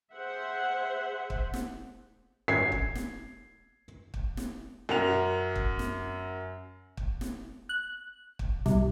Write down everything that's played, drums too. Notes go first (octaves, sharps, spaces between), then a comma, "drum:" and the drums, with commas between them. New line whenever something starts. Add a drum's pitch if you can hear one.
G#4 C5 E5 F#5
drum: kick
drum: snare
G#6 C7
drum: kick
drum: snare
drum: kick
drum: snare
F#2 A#4 F#5 F7
drum: kick
drum: snare
drum: kick
drum: snare
F#6
drum: kick
C2, drum: snare